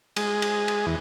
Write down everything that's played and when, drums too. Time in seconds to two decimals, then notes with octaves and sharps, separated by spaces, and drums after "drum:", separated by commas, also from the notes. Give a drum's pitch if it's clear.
0.16 G#3, drum: cymbal
0.42 drum: cymbal
0.68 drum: cymbal
0.86 E2